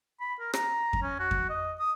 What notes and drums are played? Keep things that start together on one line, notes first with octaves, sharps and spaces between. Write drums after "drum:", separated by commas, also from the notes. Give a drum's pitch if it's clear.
B5
A#4
A#5, drum: rim click
drum: kick F2
C#4
F#4
drum: kick F2
D#5
D#6